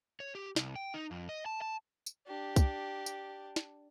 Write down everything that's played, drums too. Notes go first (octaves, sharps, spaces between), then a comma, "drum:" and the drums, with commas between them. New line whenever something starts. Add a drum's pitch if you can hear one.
C#5
G4
C2, drum: snare
G5
D#4
F2
D#5
A5
A5
drum: tambourine
D4 G4
drum: kick, tambourine
drum: tambourine
drum: snare